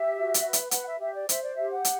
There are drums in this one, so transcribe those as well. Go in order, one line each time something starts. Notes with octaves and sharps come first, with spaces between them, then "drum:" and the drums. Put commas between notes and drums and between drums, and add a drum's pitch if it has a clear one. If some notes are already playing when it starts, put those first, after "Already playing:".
Already playing: G4 E5
F#4
drum: hi-hat
B4
drum: hi-hat
B4 F#5, drum: hi-hat
E5
G4 E5
D5
C5 E5, drum: hi-hat
D5
G4 E5
F#5
drum: hi-hat